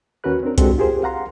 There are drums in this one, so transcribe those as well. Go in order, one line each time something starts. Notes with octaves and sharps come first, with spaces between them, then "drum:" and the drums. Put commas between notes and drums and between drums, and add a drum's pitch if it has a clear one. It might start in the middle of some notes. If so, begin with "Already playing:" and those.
D#2 C#4 F#4 A#4 B4 F#6
C4 D4 A#4
G#3 C4 D4 F#4 G4 A4, drum: kick C2, hi-hat
F4 G4 G#4 A#4 C5
F5 F#5 A#5 C6